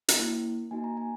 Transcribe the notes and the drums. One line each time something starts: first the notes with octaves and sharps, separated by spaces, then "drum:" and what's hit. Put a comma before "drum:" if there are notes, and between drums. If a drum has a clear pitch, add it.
drum: hi-hat
A#3 C#4 E4
A#3 D#4 F#4 G#5
A#5
G#5